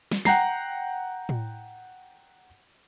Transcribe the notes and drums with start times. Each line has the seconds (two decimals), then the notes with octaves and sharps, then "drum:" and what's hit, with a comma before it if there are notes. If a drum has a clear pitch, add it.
0.12 drum: snare
0.25 F#5 G5 A#5 C7, drum: snare
1.29 drum: tom A2